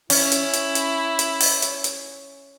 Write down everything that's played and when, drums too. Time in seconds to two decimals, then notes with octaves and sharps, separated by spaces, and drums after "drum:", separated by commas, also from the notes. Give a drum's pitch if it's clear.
0.10 C#4 E4, drum: open hi-hat
0.32 drum: hi-hat
0.53 drum: hi-hat
0.75 drum: hi-hat
1.19 drum: hi-hat
1.40 drum: open hi-hat
1.62 drum: hi-hat
1.84 drum: hi-hat